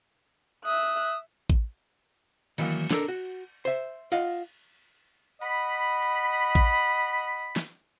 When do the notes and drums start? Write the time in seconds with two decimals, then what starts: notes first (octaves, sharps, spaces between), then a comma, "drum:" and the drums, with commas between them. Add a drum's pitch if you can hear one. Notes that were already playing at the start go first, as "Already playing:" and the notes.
0.65 E5 D#6 F#6, drum: hi-hat
1.50 drum: kick A1
2.58 D#3 E3 F#3 A#3, drum: cymbal
2.91 D4 A4 A#4, drum: snare
3.08 F#4
3.65 C5 E5
4.12 F4 D#5 F5 F#5, drum: cymbal
5.42 D#5 F#5 B5, drum: open hi-hat
6.03 drum: hi-hat
6.55 drum: kick A1
7.56 drum: snare